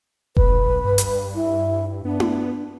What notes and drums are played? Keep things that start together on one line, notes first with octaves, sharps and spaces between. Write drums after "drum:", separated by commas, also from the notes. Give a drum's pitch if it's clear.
B1 B4, drum: kick F1
G2
drum: hi-hat
E4
B3 D4
drum: tom E4